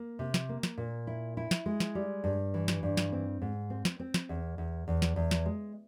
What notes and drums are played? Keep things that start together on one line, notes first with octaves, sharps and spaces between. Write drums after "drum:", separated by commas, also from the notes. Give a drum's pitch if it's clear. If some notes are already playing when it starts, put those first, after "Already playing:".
Already playing: A#3
C3
drum: snare
A#3
drum: snare
A#2
E4
E4
drum: snare
G#3
drum: snare
G3
G2
E3
drum: snare
G2
drum: snare
C4
G#2
C4
drum: snare
C4
drum: snare
E2
E2
E2
drum: snare
E2
drum: snare
G#3